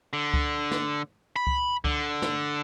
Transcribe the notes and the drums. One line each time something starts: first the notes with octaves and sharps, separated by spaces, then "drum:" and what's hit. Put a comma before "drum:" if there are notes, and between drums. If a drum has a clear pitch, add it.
D3
drum: kick C#2
drum: snare
B5
drum: kick C#2
D3, drum: kick C#2
drum: snare